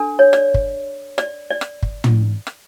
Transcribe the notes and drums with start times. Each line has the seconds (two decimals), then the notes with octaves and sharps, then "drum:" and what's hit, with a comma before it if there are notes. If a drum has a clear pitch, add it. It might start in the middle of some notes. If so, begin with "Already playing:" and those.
Already playing: D4 A4
0.19 C#5
0.33 D5, drum: rim click
0.54 drum: kick
1.18 D5, drum: rim click
1.50 D5
1.61 drum: rim click
1.83 drum: kick
2.04 drum: tom
2.47 drum: rim click